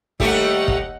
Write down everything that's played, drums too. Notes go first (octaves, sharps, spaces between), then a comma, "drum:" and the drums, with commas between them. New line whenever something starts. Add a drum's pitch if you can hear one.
D#2 G3 A3 D#4 G4 F#5, drum: kick
drum: kick